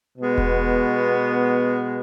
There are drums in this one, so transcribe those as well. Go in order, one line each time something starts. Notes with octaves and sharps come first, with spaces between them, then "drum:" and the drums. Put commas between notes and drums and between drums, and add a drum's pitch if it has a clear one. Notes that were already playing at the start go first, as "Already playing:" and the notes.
B2 G#3 B3
drum: kick E1